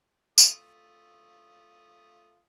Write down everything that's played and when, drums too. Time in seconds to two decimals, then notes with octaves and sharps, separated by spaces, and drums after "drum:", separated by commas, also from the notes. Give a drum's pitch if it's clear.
0.38 A3 F4 D#6, drum: tambourine